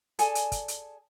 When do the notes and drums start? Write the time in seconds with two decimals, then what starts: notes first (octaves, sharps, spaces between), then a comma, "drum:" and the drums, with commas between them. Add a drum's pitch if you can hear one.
0.19 G#4 A4 D5 G#5, drum: hi-hat
0.35 drum: hi-hat
0.52 drum: kick, hi-hat
0.68 drum: hi-hat